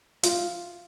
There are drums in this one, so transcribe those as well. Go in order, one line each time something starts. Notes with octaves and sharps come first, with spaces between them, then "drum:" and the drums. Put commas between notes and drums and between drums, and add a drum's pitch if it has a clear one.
F4, drum: hi-hat